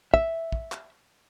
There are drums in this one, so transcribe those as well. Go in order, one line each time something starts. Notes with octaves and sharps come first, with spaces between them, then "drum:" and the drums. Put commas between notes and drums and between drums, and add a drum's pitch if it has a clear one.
E5, drum: kick
drum: kick
drum: clap